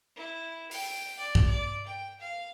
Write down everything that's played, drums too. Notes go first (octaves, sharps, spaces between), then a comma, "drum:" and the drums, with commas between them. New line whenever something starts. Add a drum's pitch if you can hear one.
E4
G5, drum: open hi-hat
D5
drum: kick
D5
G5
F5